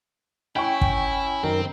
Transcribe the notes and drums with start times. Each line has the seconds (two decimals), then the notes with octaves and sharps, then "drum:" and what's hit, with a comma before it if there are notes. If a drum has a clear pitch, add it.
0.56 C#4 E4 G5 C#6
0.81 drum: kick
1.43 F#2 D#3 C4 A#4